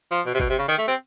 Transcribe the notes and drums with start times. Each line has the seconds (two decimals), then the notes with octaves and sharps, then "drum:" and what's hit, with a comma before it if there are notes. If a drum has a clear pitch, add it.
0.11 F3
0.26 B2
0.34 C3
0.40 B2, drum: kick G1
0.49 C3
0.59 C#3
0.68 D#3
0.78 A3
0.88 C4